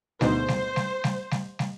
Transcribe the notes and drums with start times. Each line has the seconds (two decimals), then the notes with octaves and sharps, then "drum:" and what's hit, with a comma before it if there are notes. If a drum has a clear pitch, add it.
0.21 D2 G#2 B2 C5, drum: snare
0.48 drum: snare
0.76 drum: snare
1.04 drum: snare
1.31 drum: snare
1.59 drum: snare